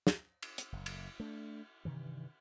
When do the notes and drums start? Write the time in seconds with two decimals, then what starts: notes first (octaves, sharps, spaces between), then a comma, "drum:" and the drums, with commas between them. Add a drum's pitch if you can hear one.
0.07 drum: snare
0.43 drum: cymbal
0.58 drum: hi-hat
0.72 F#1
0.86 drum: cymbal
1.20 A3 D4
1.85 G2 C3 D#3 E3